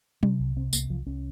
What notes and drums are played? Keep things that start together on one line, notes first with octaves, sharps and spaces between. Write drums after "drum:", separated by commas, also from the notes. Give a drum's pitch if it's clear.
C3 C#4, drum: tom F#3
C2
C3 C4
C2 A#3, drum: tambourine
C2 F3
C2 C#4